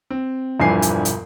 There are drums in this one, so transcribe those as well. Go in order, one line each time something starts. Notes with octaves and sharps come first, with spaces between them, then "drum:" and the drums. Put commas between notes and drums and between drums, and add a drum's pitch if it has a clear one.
C4
E1 G2 E3 F3 G#5 C7
drum: hi-hat
drum: hi-hat